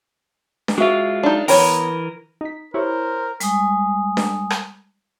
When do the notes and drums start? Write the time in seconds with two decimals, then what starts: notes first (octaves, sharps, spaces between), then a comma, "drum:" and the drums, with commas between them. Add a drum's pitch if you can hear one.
0.68 drum: snare D4
0.78 G#3 F4 F#4 E5
1.23 D4 D#4
1.48 E3 B3 A#4 C#5 G5 B5, drum: open hi-hat
2.41 D#4 B6
2.74 E4 G4 A#4 C5 C#5
3.40 G3 G#3 G#5 D#6, drum: hi-hat
4.17 drum: snare D4
4.50 drum: rim click